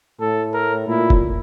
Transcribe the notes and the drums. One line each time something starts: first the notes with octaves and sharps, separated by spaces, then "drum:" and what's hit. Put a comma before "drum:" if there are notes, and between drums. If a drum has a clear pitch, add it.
A2 A4
A#4
A#2 E4
drum: kick F1